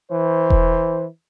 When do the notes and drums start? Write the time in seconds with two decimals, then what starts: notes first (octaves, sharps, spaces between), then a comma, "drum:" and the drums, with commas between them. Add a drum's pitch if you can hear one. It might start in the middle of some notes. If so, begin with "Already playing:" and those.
0.11 E3 C5
0.50 drum: kick E1